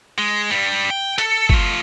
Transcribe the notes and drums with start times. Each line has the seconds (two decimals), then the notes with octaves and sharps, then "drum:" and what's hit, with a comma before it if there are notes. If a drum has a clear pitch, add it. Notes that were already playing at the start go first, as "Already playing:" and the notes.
0.18 G#3
0.50 G2 G3
0.90 G5
1.18 A4, drum: hi-hat
1.49 A3 F4, drum: kick G1